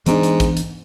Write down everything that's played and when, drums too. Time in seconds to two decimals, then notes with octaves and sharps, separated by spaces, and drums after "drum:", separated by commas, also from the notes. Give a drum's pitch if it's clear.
0.06 G#2 E3 B3 D4, drum: hi-hat
0.23 drum: hi-hat
0.40 drum: kick, hi-hat
0.57 drum: hi-hat